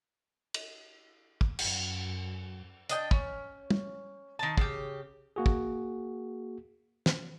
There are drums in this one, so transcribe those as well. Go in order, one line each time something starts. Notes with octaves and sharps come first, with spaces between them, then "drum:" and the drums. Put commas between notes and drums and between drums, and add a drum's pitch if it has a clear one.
drum: cymbal
drum: kick
F#2, drum: cymbal
D4 D#5 G5, drum: hi-hat
C#4, drum: kick
drum: tom
D#3 A5
C#3 G4, drum: kick
A#3 F#4 G#4
drum: kick
drum: snare